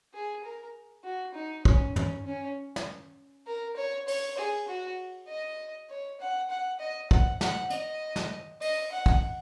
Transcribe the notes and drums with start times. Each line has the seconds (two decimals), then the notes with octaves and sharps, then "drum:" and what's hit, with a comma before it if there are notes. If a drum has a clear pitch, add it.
0.14 G#4
0.44 A#4
1.04 F#4
1.34 D#4
1.65 C#4, drum: kick
1.96 C#4, drum: tom
2.25 C#4
2.76 drum: snare
3.46 A#4
3.77 C#5
4.08 C#5, drum: open hi-hat
4.37 G#4
4.68 F#4
5.28 D#5
5.90 C#5
6.20 F#5
6.50 F#5
6.80 D#5
7.11 F#5, drum: kick
7.41 F#5, drum: snare
7.70 D#5, drum: hi-hat
8.16 drum: snare
8.61 D#5, drum: open hi-hat
8.92 F#5
9.06 drum: kick